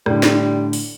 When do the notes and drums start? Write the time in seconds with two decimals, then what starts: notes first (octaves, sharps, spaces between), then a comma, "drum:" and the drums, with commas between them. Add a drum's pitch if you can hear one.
0.06 A2 D3 G3, drum: rim click
0.23 drum: snare
0.73 drum: open hi-hat